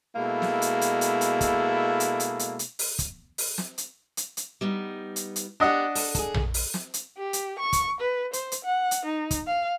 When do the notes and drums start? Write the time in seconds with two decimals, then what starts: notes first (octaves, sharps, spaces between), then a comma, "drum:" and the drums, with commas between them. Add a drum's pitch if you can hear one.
0.16 B2 G#3 A#3 E4 A4
0.42 drum: snare
0.62 drum: hi-hat
0.81 drum: hi-hat
1.01 drum: hi-hat
1.21 drum: hi-hat
1.41 drum: kick, hi-hat
2.00 drum: hi-hat
2.20 drum: hi-hat
2.39 drum: hi-hat
2.59 drum: hi-hat
2.79 drum: open hi-hat
2.99 drum: kick, hi-hat
3.38 drum: open hi-hat
3.58 drum: snare
3.78 drum: hi-hat
4.17 drum: hi-hat
4.37 drum: hi-hat
4.61 G3 B3 D#4
5.16 drum: hi-hat
5.36 drum: hi-hat
5.60 B3 D4 G4 D#5 F#5
5.95 A4, drum: open hi-hat
6.15 G#4 A4, drum: kick, hi-hat
6.34 drum: tom A#1
6.54 drum: open hi-hat
6.74 drum: snare
6.94 drum: hi-hat
7.18 G4
7.33 drum: hi-hat
7.59 C#6
7.73 drum: kick, hi-hat
8.01 B4
8.33 C5, drum: hi-hat
8.52 drum: hi-hat
8.64 F#5
8.91 drum: hi-hat
9.05 D#4
9.31 drum: kick, hi-hat
9.47 F5